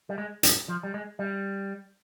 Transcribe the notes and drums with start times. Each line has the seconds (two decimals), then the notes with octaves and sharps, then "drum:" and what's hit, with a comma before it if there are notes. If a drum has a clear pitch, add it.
0.09 G3
0.18 G#3
0.43 G3, drum: hi-hat
0.68 F3
0.83 G3
0.94 G#3
1.19 G3